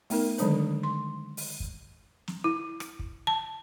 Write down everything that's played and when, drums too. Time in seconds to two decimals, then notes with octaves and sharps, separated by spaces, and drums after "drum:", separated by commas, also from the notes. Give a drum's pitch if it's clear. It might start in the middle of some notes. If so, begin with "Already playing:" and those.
0.10 A3 B3 D#4 A#4, drum: open hi-hat
0.38 D3 D#3 F#3 G#3 D4 C5, drum: hi-hat
0.83 C6
1.37 drum: open hi-hat
1.60 drum: kick
2.28 drum: snare
2.44 E4
2.80 drum: rim click
2.99 drum: kick
3.27 A5